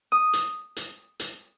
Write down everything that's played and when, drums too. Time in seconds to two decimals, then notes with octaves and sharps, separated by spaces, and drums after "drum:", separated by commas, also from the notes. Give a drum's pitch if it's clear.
0.12 D#6
0.33 drum: hi-hat
0.76 drum: hi-hat
1.20 drum: hi-hat